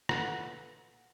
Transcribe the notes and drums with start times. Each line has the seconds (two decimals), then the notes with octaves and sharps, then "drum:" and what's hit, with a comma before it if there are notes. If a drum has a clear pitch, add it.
0.09 A#2 A4 B4 F#5, drum: rim click